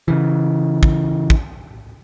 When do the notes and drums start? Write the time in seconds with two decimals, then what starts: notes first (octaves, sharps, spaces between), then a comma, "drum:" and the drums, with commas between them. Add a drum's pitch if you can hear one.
0.08 C#3 E3
0.83 drum: kick
1.30 drum: kick